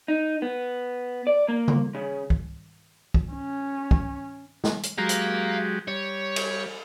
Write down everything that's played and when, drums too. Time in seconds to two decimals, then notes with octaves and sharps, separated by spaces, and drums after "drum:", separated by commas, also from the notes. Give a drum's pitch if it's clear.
0.08 D#4
0.42 B3
1.27 D5
1.48 A#3
1.68 drum: tom C#3
1.95 C#3
2.30 drum: kick
3.14 drum: kick
3.33 C#4
3.91 drum: kick
4.64 drum: snare
4.83 drum: hi-hat
4.98 F#3 G#3 G4 F5 A#5
5.09 drum: hi-hat
5.88 G3 C#5
6.36 drum: cymbal